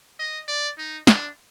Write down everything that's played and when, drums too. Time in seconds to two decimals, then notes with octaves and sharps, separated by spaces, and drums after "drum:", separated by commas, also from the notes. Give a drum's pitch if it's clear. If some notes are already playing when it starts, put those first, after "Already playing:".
0.19 D#5
0.48 D5
0.78 D#4
1.07 D4, drum: snare